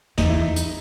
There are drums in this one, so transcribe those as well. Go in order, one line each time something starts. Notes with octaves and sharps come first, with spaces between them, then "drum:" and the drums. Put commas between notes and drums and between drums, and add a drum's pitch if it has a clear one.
E2 D#4, drum: snare
E4
D#4
drum: hi-hat